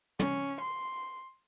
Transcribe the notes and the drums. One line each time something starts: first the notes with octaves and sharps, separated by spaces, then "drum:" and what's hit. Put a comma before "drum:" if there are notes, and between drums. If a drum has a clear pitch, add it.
C#4, drum: tom
C6